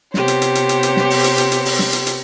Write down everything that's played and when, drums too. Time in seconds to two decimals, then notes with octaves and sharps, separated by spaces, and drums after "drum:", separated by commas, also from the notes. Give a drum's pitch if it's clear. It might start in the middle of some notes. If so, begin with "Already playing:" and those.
0.14 C3 B3 G4 C5 C#5, drum: snare
0.28 drum: hi-hat
0.42 drum: hi-hat
0.55 drum: hi-hat
0.69 drum: hi-hat
0.83 drum: hi-hat
0.97 drum: snare
1.10 drum: open hi-hat
1.24 drum: hi-hat
1.38 drum: hi-hat
1.52 drum: hi-hat
1.65 drum: open hi-hat
1.79 drum: snare
1.93 drum: hi-hat
2.07 drum: hi-hat